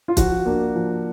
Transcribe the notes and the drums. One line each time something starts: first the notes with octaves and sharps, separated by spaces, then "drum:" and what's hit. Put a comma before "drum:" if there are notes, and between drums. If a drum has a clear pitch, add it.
F4
F3 F#4, drum: kick, hi-hat
A#3 D4
F3